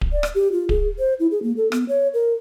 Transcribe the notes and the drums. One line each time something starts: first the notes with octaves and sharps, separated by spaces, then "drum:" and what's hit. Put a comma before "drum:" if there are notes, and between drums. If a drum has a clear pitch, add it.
drum: kick D1
D5
drum: rim click
G4
F4
G#4, drum: kick D1
C5
E4
G#4
A#3
A4
B3, drum: rim click
C#5
A#4